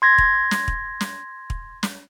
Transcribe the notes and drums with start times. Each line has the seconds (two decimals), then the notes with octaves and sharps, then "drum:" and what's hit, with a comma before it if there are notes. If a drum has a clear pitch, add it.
0.02 C6 G#6 A#6
0.18 drum: kick
0.51 drum: snare
0.68 drum: kick
1.01 drum: snare
1.50 drum: kick
1.83 drum: snare